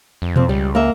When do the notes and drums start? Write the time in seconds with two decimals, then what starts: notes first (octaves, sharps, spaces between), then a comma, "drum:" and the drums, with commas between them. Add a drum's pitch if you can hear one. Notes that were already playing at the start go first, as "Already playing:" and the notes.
0.22 F2
0.36 A#2 F3 C4, drum: tom B2
0.49 C#2 G3
0.75 A#3 E5